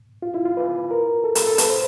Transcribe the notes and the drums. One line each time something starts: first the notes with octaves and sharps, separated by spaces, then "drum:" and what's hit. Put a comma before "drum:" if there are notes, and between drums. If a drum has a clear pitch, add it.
F4
E4
F4
B4
A#4
A4
A4, drum: hi-hat
A4
B4, drum: hi-hat
C5